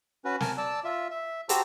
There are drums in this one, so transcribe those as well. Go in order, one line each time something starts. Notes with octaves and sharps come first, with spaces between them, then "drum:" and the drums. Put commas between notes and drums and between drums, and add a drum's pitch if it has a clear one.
C#4 F#4 B4
A#4 G#5 A5, drum: snare
D5 A5 E6
F4 E5
E5
F#4 G4 C5 A5 A#5 E6, drum: hi-hat